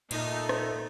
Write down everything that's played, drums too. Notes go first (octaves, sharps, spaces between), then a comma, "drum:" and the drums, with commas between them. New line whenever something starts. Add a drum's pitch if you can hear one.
A#2 A3 D#4, drum: cymbal
drum: rim click